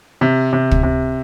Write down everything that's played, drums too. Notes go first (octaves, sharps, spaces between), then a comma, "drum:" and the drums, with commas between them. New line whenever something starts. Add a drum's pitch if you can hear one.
C3
C3
drum: kick
C3